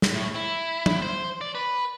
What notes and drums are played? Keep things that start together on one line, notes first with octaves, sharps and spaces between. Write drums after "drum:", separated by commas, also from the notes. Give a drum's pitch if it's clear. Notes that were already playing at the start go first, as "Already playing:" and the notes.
drum: snare
A2
E4
drum: tom
C5
D5
B4